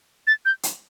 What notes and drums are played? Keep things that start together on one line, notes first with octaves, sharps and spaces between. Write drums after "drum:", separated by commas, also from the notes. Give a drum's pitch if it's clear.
A6
G6
drum: hi-hat